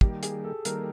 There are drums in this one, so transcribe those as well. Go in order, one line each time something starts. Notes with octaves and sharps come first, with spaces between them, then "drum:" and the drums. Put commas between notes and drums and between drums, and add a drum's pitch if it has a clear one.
D#3 G3 A#3 G4, drum: kick
G#4, drum: hi-hat
A4
D#3 G3 A#3 A#4, drum: hi-hat